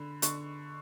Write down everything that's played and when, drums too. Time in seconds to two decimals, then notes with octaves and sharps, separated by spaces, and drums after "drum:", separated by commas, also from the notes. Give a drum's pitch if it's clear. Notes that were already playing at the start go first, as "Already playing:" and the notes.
Already playing: D3 B5
0.22 D3 C#6, drum: hi-hat